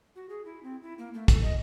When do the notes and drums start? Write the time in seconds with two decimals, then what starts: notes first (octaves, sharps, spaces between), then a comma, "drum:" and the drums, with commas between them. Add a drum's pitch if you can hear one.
0.16 F#4
0.29 G#4
0.45 E4
0.63 C4
0.83 E4
0.98 A#3
1.14 A3
1.28 A4, drum: kick, hi-hat
1.43 D#5